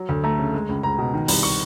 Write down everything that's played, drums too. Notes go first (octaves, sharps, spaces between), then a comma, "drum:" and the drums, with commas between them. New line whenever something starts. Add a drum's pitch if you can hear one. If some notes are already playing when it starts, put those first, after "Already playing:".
Already playing: F#3
D2
A3 A#5
C#3
G#3
C#2
C#2 A#5
B2
D#3
C2, drum: open hi-hat
C#6